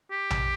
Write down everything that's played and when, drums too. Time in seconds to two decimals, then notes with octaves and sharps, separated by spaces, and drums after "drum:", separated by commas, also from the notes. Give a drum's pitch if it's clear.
0.11 G4
0.30 drum: tom A#1